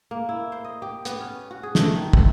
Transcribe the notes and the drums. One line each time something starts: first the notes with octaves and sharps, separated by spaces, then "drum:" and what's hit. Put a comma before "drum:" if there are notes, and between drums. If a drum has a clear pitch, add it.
A#3
E4
C5
D#5
G4
B3, drum: hi-hat
C#4
F#4
G#4
A3, drum: snare
D#3
C3, drum: kick